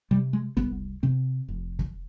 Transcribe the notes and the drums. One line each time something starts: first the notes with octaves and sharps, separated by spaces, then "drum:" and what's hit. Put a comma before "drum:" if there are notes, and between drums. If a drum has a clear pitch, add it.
C3 G3
G#3
C2 B3, drum: kick
C3 C4
F1
drum: kick